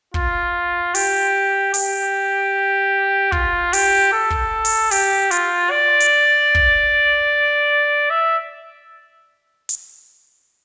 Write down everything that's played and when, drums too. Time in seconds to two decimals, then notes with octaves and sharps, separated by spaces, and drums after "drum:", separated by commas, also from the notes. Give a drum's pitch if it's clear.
0.14 F4, drum: kick
0.95 G4, drum: open hi-hat
1.74 G4, drum: open hi-hat
3.32 F4, drum: kick
3.73 G4, drum: open hi-hat
4.13 A4
4.30 drum: kick
4.65 drum: open hi-hat
4.91 G4, drum: open hi-hat
5.31 F4, drum: hi-hat
5.71 D5
6.00 drum: hi-hat
6.55 drum: kick
8.10 E5
9.69 drum: hi-hat